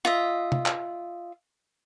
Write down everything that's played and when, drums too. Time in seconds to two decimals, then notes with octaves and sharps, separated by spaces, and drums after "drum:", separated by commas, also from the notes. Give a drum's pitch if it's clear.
0.05 F4 D#5 E5
0.52 drum: tom C3
0.66 drum: clap